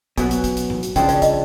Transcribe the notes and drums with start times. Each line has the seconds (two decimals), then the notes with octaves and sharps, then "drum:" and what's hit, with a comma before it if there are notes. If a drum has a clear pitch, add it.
0.17 B2 F#3 B3 G#5, drum: kick, hi-hat
0.31 drum: hi-hat
0.44 drum: kick, hi-hat
0.57 drum: hi-hat
0.70 drum: tom G#2
0.83 drum: hi-hat
0.96 C#3 F3 G#3 B3 D4 G5, drum: kick, hi-hat
1.09 D5, drum: hi-hat
1.22 D#5, drum: kick, hi-hat